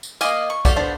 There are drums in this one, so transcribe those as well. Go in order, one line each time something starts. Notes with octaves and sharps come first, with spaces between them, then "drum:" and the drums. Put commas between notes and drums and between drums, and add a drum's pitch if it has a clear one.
drum: tambourine
A#3 F#4 D5 D#5 F5 G#5, drum: tambourine
C#6
F#4 G4 A4 D5 F5, drum: kick, tambourine
B3 D4 C5